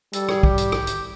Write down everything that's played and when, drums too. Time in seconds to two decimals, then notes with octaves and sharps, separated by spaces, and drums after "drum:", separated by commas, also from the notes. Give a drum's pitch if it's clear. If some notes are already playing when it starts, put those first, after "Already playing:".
0.13 G3 A4, drum: hi-hat
0.29 G#4, drum: rim click
0.43 G4, drum: kick
0.58 drum: hi-hat
0.72 drum: rim click
0.87 drum: hi-hat